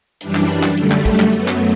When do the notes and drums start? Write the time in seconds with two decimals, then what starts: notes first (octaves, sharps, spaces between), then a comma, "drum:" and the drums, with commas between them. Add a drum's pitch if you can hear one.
0.21 F#2 E3 G3 D4, drum: hi-hat
0.35 drum: clap
0.49 drum: hi-hat
0.63 drum: clap
0.77 F#2 D3 G3 A3, drum: hi-hat
0.91 drum: clap
1.06 drum: kick, hi-hat
1.20 drum: clap
1.33 F#2 F#3 A3 B3, drum: hi-hat
1.48 drum: clap